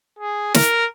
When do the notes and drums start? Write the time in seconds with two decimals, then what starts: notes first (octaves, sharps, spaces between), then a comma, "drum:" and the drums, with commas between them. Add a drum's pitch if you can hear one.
0.19 G#4
0.54 A#4, drum: snare